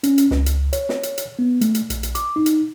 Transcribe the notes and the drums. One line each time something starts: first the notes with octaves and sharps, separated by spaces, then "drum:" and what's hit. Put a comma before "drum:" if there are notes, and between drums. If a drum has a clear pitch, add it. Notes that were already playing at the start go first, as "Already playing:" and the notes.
C#4, drum: hi-hat
drum: hi-hat
C#2, drum: snare
drum: hi-hat
C#5, drum: hi-hat
drum: snare
drum: hi-hat
drum: hi-hat
B3
A3, drum: hi-hat
drum: hi-hat
A#1, drum: hi-hat
drum: hi-hat
D6, drum: hi-hat
D#4
drum: hi-hat